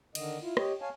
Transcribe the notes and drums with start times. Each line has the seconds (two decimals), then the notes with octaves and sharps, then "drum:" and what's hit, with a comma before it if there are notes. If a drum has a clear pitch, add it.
0.15 D3 D#3 D#5, drum: cymbal
0.42 E4 F4
0.57 G4 C#5 D#5, drum: rim click
0.82 C#5 F5 G#5 A5